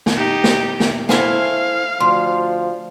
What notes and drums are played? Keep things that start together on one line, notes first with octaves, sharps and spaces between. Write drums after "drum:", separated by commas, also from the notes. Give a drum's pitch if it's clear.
drum: snare
D#4 G4
drum: snare
drum: snare
A3 E4 C5 F5 F#5 G#5, drum: snare
D2 F3 C6